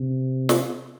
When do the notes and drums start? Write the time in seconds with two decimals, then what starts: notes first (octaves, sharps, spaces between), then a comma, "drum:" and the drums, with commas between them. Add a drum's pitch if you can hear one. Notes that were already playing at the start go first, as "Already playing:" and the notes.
Already playing: C3
0.49 drum: snare